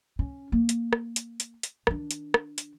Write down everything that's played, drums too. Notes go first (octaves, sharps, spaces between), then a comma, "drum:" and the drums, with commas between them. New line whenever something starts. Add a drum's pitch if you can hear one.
C#4
A#3
drum: hi-hat
drum: rim click
drum: hi-hat
drum: hi-hat
drum: hi-hat
D#3 D4, drum: rim click
drum: hi-hat
drum: rim click
drum: hi-hat